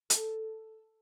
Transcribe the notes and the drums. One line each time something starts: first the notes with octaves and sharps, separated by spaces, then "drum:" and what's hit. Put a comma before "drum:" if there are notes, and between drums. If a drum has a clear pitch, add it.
A4, drum: hi-hat